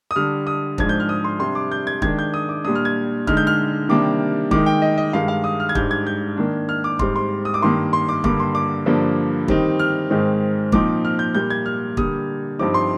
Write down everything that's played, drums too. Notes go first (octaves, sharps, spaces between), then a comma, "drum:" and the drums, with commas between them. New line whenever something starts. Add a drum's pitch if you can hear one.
D#6
D3 G3 D4 F6
D#6
G#2 F3 G#3 D4 G#6, drum: kick
G6
F6
D#6
C6
C3 G3 D4 C6
D6
G6
G#6
D#3 G#3 D4 G#6, drum: kick
G6
D#6
D6
A#2 G3 D4 D#6
F6
G#6
D3 G#3 D#4 F6, drum: kick
G6
F6
C3 D#3 G3 A#3 D4 D6
D#3 G#3 D#4 D6, drum: kick
G5
D#5
D#5
G2 D#3 G#3 F5
F5
D#6
F6
G#6
G#2 G3 D4 G6, drum: kick
G#6
G6
D#3 A#3 D4
F6
D6
G#2 G3 C4 C6, drum: kick
C6
D#6
D6
G2 D#3 A#3 C6
C6
D6
G2 D3 G3 A#3 D6, drum: kick
C6
D6
G2 D3 F3 A#3 D4
D#3 G3 C4 D#4, drum: kick
F6
G#2 D#3 G#3 C4 D#4
A#2 F3 C4 D#4 D6, drum: kick
F6
G6
A#2 G3 A#3 G6
G#6
F6
D3 G3 A#3 D#6, drum: kick
G2 F3 C4 D#4 D6
C6